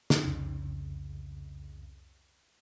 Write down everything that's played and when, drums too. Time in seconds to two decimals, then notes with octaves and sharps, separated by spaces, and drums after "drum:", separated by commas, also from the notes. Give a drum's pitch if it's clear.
0.10 drum: snare
0.24 C2 F2 C#3